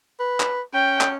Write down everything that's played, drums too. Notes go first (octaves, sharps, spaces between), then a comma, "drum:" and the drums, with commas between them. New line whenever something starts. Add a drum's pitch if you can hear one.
B4
drum: clap
C#4 G5
drum: clap